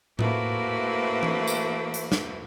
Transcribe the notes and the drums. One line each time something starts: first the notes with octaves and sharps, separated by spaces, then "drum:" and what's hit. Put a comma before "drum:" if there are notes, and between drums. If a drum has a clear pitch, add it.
A3 A#3 E4 F#4 B4 C5, drum: tom A2
drum: tom E3
drum: tambourine
drum: hi-hat
drum: snare